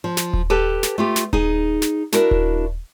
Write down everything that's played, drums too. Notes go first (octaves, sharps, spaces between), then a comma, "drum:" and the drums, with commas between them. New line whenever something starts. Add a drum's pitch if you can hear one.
F3
drum: snare
drum: kick D#1
G4 A4 B4 A5
drum: snare
A3 F4 G4
drum: snare
D#4 G#4, drum: kick D#1
drum: snare
D4 E4 F#4 A#4, drum: snare
drum: kick D#1